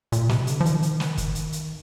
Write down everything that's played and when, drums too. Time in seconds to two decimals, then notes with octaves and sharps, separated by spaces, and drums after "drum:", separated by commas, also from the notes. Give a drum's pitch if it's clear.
0.12 A#2, drum: hi-hat
0.29 C3, drum: snare
0.47 D3, drum: hi-hat
0.60 F3
0.66 D#3, drum: hi-hat
0.82 drum: hi-hat
1.00 drum: snare
1.17 drum: kick, hi-hat
1.35 drum: hi-hat
1.53 drum: hi-hat